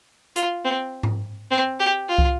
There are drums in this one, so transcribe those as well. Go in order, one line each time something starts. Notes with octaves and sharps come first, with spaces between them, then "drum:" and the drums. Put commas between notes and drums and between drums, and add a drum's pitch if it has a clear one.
F4, drum: hi-hat
C4
drum: tom G#2
C4
G4
F4
drum: kick